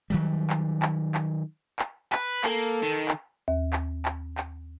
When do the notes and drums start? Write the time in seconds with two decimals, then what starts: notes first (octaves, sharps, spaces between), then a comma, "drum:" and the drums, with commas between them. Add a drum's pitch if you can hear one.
0.10 D#3 F#3 G3
0.50 drum: clap
0.82 drum: clap
1.15 drum: clap
1.79 drum: clap
2.12 B4, drum: clap
2.44 A#3 A4, drum: clap
2.82 D#3
3.08 drum: clap
3.48 D#2
3.73 drum: clap
4.05 drum: clap
4.38 drum: clap